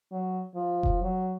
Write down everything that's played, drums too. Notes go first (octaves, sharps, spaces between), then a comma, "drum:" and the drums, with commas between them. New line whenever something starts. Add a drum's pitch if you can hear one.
F#3
F3
drum: kick F1
F#3